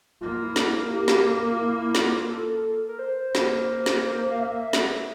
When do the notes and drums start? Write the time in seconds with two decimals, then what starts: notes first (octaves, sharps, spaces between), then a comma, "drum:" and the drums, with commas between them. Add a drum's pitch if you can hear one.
0.21 A#3 F4
0.44 E4
0.56 D4, drum: snare
0.67 E4
0.90 G4
1.08 drum: snare
1.25 A#4
1.52 F4
1.61 E4
1.95 F4, drum: snare
2.29 A4
2.53 A4
2.88 A#4
2.99 C5
3.35 A#3, drum: snare
3.86 drum: snare
4.31 F5
4.39 E5
4.73 drum: snare